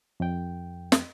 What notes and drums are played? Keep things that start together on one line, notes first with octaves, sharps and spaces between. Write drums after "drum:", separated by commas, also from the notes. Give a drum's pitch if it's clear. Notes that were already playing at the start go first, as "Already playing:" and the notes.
F2 G5
drum: snare